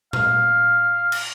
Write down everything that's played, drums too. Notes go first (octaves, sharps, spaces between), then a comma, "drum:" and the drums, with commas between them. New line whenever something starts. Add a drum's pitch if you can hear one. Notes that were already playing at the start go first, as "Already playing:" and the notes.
F5, drum: tom A#2
drum: cymbal